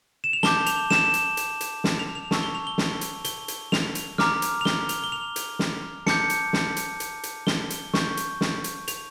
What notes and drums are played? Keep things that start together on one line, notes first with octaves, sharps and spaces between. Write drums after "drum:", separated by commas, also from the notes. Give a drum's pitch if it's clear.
E7
F7
A5 D6 G6 G7, drum: snare
F7, drum: hi-hat
E7, drum: snare
drum: hi-hat
drum: hi-hat
drum: hi-hat
drum: snare
F7
F7
A5 C#6 E6, drum: snare
G7
F7
G7
drum: snare
drum: hi-hat
G7, drum: hi-hat
drum: hi-hat
F7, drum: snare
drum: hi-hat
A#5 D6 F6, drum: snare
drum: hi-hat
F7
G7, drum: snare
F7, drum: hi-hat
G7
F7
drum: hi-hat
drum: snare
A5 D6 G6 C#7, drum: snare
drum: hi-hat
drum: snare
drum: hi-hat
drum: hi-hat
drum: hi-hat
G7, drum: snare
drum: hi-hat
C#6 G6, drum: snare
drum: hi-hat
drum: snare
drum: hi-hat
F7, drum: hi-hat